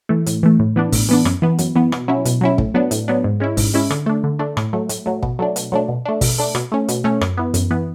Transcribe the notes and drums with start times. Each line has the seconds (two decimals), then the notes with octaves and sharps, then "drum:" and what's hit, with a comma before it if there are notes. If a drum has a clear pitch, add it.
0.09 E3 A3
0.26 A2, drum: hi-hat
0.43 E3 A3
0.60 A2
0.76 E3 B3 D4
0.92 A2, drum: kick, open hi-hat
1.09 E3 B3 D4
1.25 F#2, drum: rim click
1.42 E3 B3
1.58 F#2, drum: hi-hat
1.75 E3 B3
1.92 B2, drum: rim click
2.08 F#3 C#4 E4
2.25 B2, drum: hi-hat
2.41 F#3 C#4 E4
2.58 A2, drum: kick
2.74 F#3 B3 D4
2.91 A2, drum: hi-hat
3.08 F#3 B3 D4
3.24 G#2
3.40 G#3 C#4 E4
3.57 G#2, drum: kick, open hi-hat
3.74 G#3 C#4 E4
3.90 D3, drum: rim click
4.06 A3 D4
4.24 D3
4.39 A3 D4
4.57 A2, drum: rim click
4.73 F#3 A3
4.89 A2, drum: hi-hat
5.06 F#3 A3
5.22 B2, drum: kick
5.39 F#3 A3 D4
5.56 B2, drum: hi-hat
5.72 F#3 A3 D4
5.89 B2
6.05 A3 D4
6.21 B2, drum: kick, open hi-hat
6.39 A3 D4
6.55 B2, drum: rim click
6.72 A3 C#4
6.88 B2, drum: hi-hat
7.04 A3 C#4
7.21 F#2, drum: rim click
7.37 E3 B3
7.54 F#2, drum: hi-hat
7.71 E3 B3